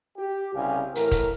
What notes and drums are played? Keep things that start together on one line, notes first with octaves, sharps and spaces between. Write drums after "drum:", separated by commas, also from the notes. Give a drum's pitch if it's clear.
G4
C2 C#3 G4 F5 G#5
A2 E3 A#4, drum: hi-hat
drum: kick D#1, hi-hat